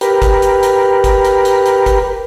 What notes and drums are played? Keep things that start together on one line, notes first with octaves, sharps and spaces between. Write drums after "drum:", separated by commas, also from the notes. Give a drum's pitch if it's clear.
G4 A#4 B4, drum: hi-hat
drum: kick, hi-hat
drum: hi-hat
drum: hi-hat
drum: kick, hi-hat
drum: hi-hat
drum: hi-hat
drum: hi-hat
drum: kick, hi-hat